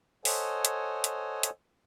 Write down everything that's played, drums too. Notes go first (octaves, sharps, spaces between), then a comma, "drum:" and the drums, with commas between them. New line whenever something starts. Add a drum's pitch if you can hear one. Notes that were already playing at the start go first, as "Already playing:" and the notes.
A4 C5 C#5 D#5 F#5 G#5, drum: open hi-hat
drum: hi-hat
drum: hi-hat
drum: hi-hat